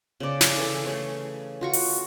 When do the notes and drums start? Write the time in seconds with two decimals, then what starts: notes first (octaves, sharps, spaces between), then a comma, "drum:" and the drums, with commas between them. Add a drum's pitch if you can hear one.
0.20 C#3 D5
0.41 drum: snare
0.56 E3 A4
0.86 A3 G#4 C#5
1.61 F4 F#4 C#6
1.73 drum: open hi-hat